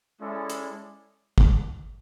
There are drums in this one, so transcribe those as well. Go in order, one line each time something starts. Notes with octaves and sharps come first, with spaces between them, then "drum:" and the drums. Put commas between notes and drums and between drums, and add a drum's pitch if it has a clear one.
G#3 C#4 E4 A4 D5
drum: hi-hat
drum: kick